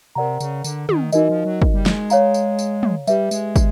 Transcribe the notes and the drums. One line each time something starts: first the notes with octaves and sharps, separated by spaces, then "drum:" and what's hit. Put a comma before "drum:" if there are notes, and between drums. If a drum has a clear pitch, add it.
C3 A#4 D5 F#5 A#5
C#3, drum: tambourine
D3, drum: tambourine
D#3, drum: tom
E3 D#4 F#4 A#4 D#5, drum: tambourine
F3
F#3
drum: kick
G3
G#3, drum: snare
C#5 F5 A#5, drum: tambourine
drum: tambourine
drum: tambourine
drum: tom
G3 G4 B4 E5, drum: tambourine
G#3, drum: tambourine
drum: kick, tambourine